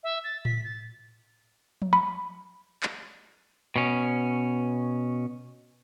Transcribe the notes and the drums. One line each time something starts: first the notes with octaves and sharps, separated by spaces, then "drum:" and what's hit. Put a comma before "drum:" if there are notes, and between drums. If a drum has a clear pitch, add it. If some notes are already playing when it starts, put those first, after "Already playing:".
E5
A6
B6, drum: tom A2
A6
drum: tom F3
B5
drum: clap
B2 C#4